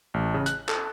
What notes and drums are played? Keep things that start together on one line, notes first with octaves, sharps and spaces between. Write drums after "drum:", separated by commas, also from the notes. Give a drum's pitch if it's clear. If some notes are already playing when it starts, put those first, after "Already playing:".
A1
C#3
F#6, drum: hi-hat
A4, drum: clap